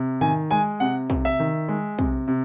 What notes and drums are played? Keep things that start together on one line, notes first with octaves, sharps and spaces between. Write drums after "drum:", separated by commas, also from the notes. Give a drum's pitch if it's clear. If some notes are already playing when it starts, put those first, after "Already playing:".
Already playing: C3
D#3 G#5, drum: tom G#2
G#3 G#5
C3 F#5
C3, drum: kick
E5
D#3
G#3
C3, drum: kick
C3